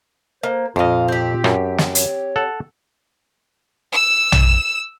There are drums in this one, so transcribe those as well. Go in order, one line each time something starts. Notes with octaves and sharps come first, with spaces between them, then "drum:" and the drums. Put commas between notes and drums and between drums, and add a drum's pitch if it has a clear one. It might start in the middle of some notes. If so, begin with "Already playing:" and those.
A#3 C5
F2 A#2 F4 C5 D#5 F5
C4 G4
F#2, drum: rim click
drum: snare
C#5, drum: hi-hat
A4 F#5
E6 E7
drum: tom A#1